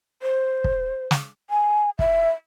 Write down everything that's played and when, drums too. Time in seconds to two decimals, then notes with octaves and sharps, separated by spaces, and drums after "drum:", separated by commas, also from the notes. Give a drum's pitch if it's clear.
0.22 C5
0.64 drum: kick
1.11 drum: snare
1.50 G#5
1.99 E5, drum: kick